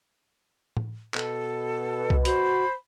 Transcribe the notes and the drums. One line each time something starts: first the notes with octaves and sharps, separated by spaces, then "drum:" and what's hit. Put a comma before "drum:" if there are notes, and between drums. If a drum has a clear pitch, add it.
drum: tom A2
B2 A4, drum: clap
drum: kick C2
F#4 C5 B5, drum: hi-hat